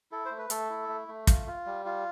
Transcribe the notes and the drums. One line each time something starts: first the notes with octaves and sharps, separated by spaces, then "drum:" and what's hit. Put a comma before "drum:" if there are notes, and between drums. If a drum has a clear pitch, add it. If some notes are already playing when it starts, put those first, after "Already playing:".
E4 A4
C5
A3
B4
A3 A4, drum: hi-hat
E4
A3
A3
F4, drum: kick, hi-hat
F4
G3
F4